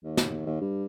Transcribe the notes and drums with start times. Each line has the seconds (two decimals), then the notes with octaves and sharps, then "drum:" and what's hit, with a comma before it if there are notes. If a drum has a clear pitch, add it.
0.04 D#2
0.17 drum: snare
0.46 D#2
0.61 G2